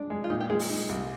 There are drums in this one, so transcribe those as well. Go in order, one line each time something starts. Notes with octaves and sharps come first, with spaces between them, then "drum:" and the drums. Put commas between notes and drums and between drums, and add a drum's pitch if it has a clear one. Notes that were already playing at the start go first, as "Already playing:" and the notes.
Already playing: G#3 D4
G#3
F4
A#2 D#4
G4
G#3 G#4
drum: open hi-hat
D#4
C2